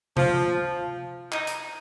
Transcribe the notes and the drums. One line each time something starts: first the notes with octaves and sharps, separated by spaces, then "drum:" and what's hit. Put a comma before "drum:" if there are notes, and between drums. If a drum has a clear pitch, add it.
F3, drum: tom C3
D#4, drum: clap
drum: hi-hat